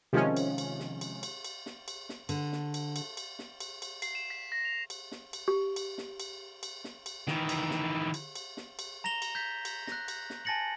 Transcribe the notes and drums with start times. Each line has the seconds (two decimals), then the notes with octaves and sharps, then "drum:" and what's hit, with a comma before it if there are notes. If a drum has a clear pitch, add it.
0.13 C3 D#3 F3 G#3 C#4
0.37 drum: cymbal
0.58 drum: cymbal
0.80 drum: snare
1.01 drum: cymbal
1.23 drum: cymbal
1.45 drum: cymbal
1.66 drum: snare
1.88 drum: cymbal
2.09 drum: snare
2.29 D3, drum: cymbal
2.53 drum: snare
2.74 drum: cymbal
2.96 drum: cymbal
3.17 drum: cymbal
3.39 drum: snare
3.60 drum: cymbal
3.82 drum: cymbal
4.02 C7, drum: cymbal
4.15 E7
4.30 B6
4.52 A#6
4.65 F7
4.90 drum: cymbal
5.12 drum: snare
5.33 drum: cymbal
5.48 G4
5.76 drum: cymbal
5.98 drum: snare
6.20 drum: cymbal
6.63 drum: cymbal
6.84 drum: snare
7.06 drum: cymbal
7.28 D#3 E3, drum: snare
7.49 drum: cymbal
7.71 drum: snare
8.14 drum: cymbal
8.36 drum: cymbal
8.57 drum: snare
8.79 drum: cymbal
9.04 A#5 A#6 E7 F7 G7
9.22 drum: cymbal
9.35 G6 G#6 B6
9.65 drum: cymbal
9.87 F#6 A#6, drum: snare
10.08 drum: cymbal
10.30 drum: snare
10.45 G#5 A5 A6 A#6 C#7 F#7